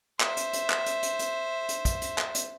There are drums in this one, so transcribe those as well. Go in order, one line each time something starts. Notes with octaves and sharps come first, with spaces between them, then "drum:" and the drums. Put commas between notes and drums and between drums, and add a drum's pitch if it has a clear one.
C5 E5, drum: clap
drum: hi-hat
drum: hi-hat
drum: clap
drum: hi-hat
drum: hi-hat
drum: hi-hat
drum: hi-hat
drum: kick, hi-hat
drum: hi-hat
drum: clap
drum: hi-hat